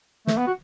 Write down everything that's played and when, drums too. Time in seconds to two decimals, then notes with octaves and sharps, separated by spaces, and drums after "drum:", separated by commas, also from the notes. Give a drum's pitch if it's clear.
0.27 A3, drum: snare
0.38 B3
0.47 F#4